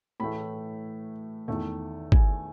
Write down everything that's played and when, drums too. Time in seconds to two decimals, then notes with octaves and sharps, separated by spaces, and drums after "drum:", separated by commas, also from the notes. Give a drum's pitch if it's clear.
0.20 A2 E3 A3 B5
1.48 E2 D#3 A3
2.12 G#5, drum: kick